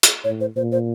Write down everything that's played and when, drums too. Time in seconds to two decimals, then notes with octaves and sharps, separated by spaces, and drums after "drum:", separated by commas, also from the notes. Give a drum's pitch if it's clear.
0.03 drum: hi-hat
0.24 A2 C#5
0.41 C5
0.56 A#2 C5
0.72 C5